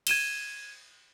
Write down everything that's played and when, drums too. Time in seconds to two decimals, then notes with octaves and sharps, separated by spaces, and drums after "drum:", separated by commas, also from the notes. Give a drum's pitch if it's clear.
0.07 G#6 D#7 E7 G7, drum: cymbal